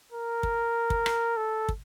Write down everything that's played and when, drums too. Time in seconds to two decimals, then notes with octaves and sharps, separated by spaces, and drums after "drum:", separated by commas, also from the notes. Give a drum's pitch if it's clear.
0.12 A#4
0.43 drum: kick
0.90 drum: kick
1.06 drum: rim click
1.37 A4
1.69 drum: kick